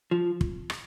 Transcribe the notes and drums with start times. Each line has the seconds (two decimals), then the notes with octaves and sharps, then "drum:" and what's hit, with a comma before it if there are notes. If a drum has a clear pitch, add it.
0.11 F3
0.41 drum: kick
0.70 drum: rim click